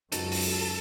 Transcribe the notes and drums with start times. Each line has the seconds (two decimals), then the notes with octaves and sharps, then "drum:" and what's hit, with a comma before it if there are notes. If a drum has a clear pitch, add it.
0.12 C#2 F#2 D#4 F#4 A4, drum: hi-hat
0.32 drum: open hi-hat